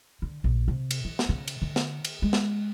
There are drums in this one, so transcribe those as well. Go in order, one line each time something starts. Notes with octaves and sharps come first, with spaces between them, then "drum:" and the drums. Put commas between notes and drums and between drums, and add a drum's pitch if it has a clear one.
D3
A#1
C3
drum: cymbal
E3
drum: snare
C#3
drum: cymbal
D3
drum: snare
drum: cymbal
G#3
drum: snare